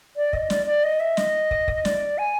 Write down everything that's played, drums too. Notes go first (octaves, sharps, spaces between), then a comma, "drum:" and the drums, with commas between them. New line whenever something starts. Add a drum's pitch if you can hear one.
D5
D#5, drum: kick
D5, drum: snare
D5
D#5
E5
D#5, drum: snare
drum: kick
drum: kick
D5, drum: snare
G#5